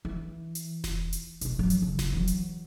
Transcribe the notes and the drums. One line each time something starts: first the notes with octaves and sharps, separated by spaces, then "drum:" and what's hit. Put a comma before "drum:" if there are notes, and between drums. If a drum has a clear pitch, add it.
E3
drum: hi-hat
drum: snare E1
drum: hi-hat
B1 B2, drum: hi-hat
F3 F#3
drum: hi-hat
C#3
drum: snare E1
E3 F#3
drum: hi-hat